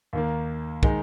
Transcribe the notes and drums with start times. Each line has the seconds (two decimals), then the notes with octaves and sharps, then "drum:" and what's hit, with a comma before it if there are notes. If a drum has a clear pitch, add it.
0.13 D#2 D#3 A#3
0.83 D#3 G#3 D#4, drum: kick